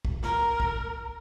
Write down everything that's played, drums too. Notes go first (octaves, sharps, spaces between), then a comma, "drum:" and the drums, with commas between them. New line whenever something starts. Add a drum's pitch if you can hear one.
drum: kick
A#4, drum: snare
drum: kick